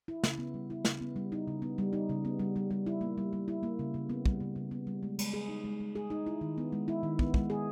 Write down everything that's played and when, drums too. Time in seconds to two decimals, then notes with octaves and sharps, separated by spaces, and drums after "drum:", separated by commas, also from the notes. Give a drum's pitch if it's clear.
0.08 E4
0.24 C#3, drum: snare
0.39 B3
0.54 G3
0.70 E4
0.85 C#3, drum: snare
1.01 B3
1.16 G3
1.32 D#4
1.48 C#3
1.62 B3
1.78 G3
1.93 D#4
2.09 C#3
2.25 B3
2.39 G3
2.56 G3
2.71 G3
2.87 E4
3.01 A#3
3.18 G3
3.33 G3
3.48 E4
3.63 A#3
3.79 C#3
3.94 C#3
4.10 B3
4.26 G3, drum: kick
4.41 C#3
4.56 C#3
4.71 B3
4.87 G3
5.03 G#3
5.19 G#3, drum: cymbal
5.34 G#4
5.48 D#4
5.64 G#3
5.80 G#3
5.95 G#4
6.10 D#4
6.27 E4
6.41 D#3
6.58 B3
6.72 G#3
6.88 E4
7.03 D#3
7.19 B3, drum: kick
7.34 G#3, drum: kick
7.50 G#4